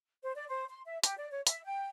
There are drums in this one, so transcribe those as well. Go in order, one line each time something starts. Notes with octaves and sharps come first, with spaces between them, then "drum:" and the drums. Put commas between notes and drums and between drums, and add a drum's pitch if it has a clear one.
C5
D5
C5
C6
E5
G4, drum: hi-hat
D5
C#5
E5, drum: hi-hat
G5